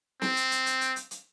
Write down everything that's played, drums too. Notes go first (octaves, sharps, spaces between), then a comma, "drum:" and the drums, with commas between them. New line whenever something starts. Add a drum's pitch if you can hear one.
C4, drum: snare
drum: hi-hat
drum: hi-hat
drum: hi-hat
drum: hi-hat
drum: hi-hat
drum: hi-hat